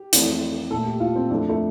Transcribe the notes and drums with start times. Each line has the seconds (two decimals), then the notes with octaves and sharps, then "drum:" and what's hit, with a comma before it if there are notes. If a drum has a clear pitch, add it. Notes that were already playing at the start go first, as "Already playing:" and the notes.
Already playing: G4
0.13 F2 E3 A3, drum: hi-hat
0.71 A#2 A3 A4
0.86 G4
1.00 F4
1.16 C4
1.30 F2 C3 F3 A3 D4
1.49 A3